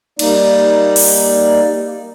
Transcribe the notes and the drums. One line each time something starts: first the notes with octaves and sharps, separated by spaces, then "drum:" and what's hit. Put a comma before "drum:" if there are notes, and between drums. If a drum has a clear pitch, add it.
G3 A#3 D#4 D5, drum: cymbal
drum: open hi-hat